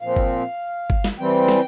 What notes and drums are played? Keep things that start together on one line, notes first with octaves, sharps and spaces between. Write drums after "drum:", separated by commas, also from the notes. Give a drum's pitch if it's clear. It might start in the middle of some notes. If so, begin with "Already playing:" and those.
A#2 F3 C4 F5
drum: kick G1
drum: kick G1
drum: snare
E3 G3 C4 G5
drum: snare